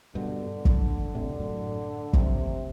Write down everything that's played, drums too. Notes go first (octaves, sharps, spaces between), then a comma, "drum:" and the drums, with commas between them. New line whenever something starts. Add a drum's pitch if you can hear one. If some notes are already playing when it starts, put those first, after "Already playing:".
G2 B2 D3
drum: kick
A2 C3
F#2 A2
C3, drum: kick